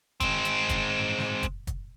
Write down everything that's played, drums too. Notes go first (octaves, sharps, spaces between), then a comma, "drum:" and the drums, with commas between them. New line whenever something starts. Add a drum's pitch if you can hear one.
G#3 C4, drum: kick, hi-hat
drum: hi-hat
drum: kick, hi-hat
drum: snare
drum: kick, hi-hat
drum: kick, hi-hat